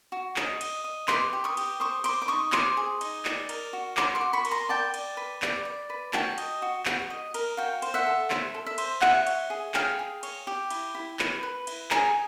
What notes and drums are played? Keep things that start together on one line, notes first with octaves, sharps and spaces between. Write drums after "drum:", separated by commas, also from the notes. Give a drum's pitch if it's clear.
F#4
D#5, drum: clap
D#5, drum: cymbal
D#5
B4 C6 D6, drum: clap
G4
C#6 D#6
G4, drum: cymbal
C5 C#6 D#6
C5 C6 D6, drum: cymbal
D6
D#4 C#6 D#6
C5 C6 D6, drum: clap
G#4
D#4, drum: cymbal
D5, drum: clap
A#4, drum: cymbal
F#4
F#4 C6 D6, drum: clap
C6 D6
F#4
B5 C#6
A#4, drum: cymbal
A#5 C6
D5 G5 A5
D5, drum: cymbal
B4
D5, drum: clap
D5
B4
F#4 G5 A5, drum: clap
D#5, drum: cymbal
F#4
F#4, drum: clap
D#5
A#4, drum: cymbal
F#4 F5 G5
C5, drum: cymbal
E5 F#5
A4
C5 E5, drum: clap
A4
E5
C5, drum: cymbal
C#5 E5 F#5, drum: clap
C#5, drum: cymbal
G#4
G#4 F5 G5, drum: clap
G#4
C#5, drum: cymbal
G4
E4, drum: cymbal
E4
B4, drum: clap
B4
E4, drum: cymbal
G#4 G#5 A#5, drum: clap